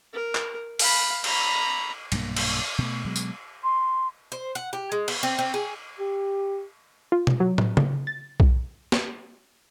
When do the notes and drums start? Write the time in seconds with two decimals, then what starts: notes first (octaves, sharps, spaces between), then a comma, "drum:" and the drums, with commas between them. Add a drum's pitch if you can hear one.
0.13 A#4
0.35 drum: clap
0.79 F5 B5, drum: open hi-hat
1.24 A#5 B5, drum: cymbal
2.12 B1 G2 A#2 A#3, drum: cymbal
2.37 drum: cymbal
2.78 B2 A3
3.04 B2 F#3 G#3
3.16 drum: tambourine
3.63 C6
4.32 C5
4.55 F#5
4.73 G4
4.92 G#3
5.08 B3, drum: cymbal
5.23 C4
5.39 C4
5.54 G#4
5.99 G4
7.12 F4
7.27 drum: tom B2
7.40 F#3
7.58 drum: tom
7.77 drum: tom C#3
8.07 A6
8.40 drum: kick B1
8.92 drum: snare